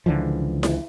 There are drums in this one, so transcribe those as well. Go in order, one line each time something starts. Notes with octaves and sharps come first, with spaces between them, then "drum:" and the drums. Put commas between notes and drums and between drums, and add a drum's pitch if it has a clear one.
C#2 D3 E3 F3
drum: snare E4